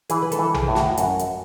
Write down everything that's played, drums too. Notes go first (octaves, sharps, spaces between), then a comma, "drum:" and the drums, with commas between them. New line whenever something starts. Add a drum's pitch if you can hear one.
E3 G#4, drum: hi-hat
B4
A4, drum: hi-hat
E3
G#4, drum: tom A#1
A2
F#4, drum: snare
F#2 F#4, drum: hi-hat
drum: hi-hat